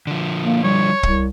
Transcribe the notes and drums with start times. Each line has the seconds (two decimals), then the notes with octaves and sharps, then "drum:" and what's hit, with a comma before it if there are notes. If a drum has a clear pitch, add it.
0.07 D3 F3
0.44 A#3
0.64 G3 C#5
1.03 C2, drum: kick